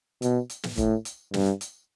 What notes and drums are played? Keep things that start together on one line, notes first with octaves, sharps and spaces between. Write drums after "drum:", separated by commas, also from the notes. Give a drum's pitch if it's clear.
B2, drum: hi-hat
drum: hi-hat
drum: snare
A2, drum: kick, hi-hat
drum: hi-hat
G2, drum: snare
drum: hi-hat